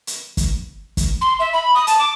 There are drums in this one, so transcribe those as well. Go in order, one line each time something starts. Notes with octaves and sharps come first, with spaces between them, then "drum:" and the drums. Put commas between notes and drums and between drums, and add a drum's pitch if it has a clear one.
drum: hi-hat
drum: kick, hi-hat
drum: kick, hi-hat
C6
E5
B5
D#6
A5, drum: hi-hat
D6